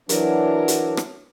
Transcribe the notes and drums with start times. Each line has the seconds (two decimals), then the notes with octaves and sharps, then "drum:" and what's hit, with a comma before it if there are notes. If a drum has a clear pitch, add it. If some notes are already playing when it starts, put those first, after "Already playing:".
0.09 E3 F#3 D4 A#4, drum: hi-hat
0.68 drum: hi-hat
0.97 drum: rim click